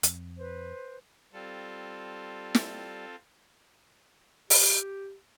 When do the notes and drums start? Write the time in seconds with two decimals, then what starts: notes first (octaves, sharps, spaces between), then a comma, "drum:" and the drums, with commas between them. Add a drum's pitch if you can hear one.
0.03 F2, drum: hi-hat
0.37 B4 C5
1.33 G3 C4 F4 A4
2.55 drum: snare
4.50 G4, drum: open hi-hat